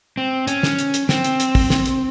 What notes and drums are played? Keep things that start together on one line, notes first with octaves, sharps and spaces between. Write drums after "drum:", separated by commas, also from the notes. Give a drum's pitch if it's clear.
C4
C#4, drum: hi-hat
drum: snare
drum: hi-hat
drum: hi-hat
C4, drum: snare
drum: hi-hat
drum: hi-hat
drum: kick, open hi-hat
drum: snare
drum: hi-hat